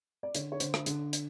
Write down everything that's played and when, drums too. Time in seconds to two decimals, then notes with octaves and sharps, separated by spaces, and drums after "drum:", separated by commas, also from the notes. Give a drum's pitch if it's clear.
0.23 D5
0.35 D3 C#5, drum: hi-hat
0.52 C#5
0.60 D3 C5, drum: hi-hat
0.74 drum: rim click
0.86 D3, drum: hi-hat
1.13 drum: hi-hat